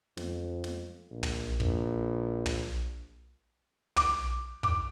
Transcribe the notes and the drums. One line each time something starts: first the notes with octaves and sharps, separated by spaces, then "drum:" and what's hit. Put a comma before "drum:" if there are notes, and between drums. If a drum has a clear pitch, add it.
F2, drum: snare
drum: snare
A#1
drum: tom
A#1, drum: kick
drum: tom
D6, drum: tom
D6, drum: kick